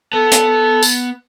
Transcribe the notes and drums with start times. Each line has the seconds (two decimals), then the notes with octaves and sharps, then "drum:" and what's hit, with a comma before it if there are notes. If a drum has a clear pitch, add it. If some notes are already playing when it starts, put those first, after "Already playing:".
0.13 B3 A4
0.32 drum: hi-hat
0.83 drum: tambourine